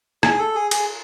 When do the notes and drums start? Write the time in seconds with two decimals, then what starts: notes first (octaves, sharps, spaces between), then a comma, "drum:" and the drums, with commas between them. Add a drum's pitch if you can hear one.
0.23 G#4, drum: rim click
0.39 A4
0.55 G#4
0.71 G#4, drum: cymbal